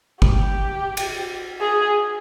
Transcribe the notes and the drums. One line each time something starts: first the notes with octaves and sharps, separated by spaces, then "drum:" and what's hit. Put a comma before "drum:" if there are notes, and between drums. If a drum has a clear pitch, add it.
G4, drum: kick G1
drum: cymbal
G#4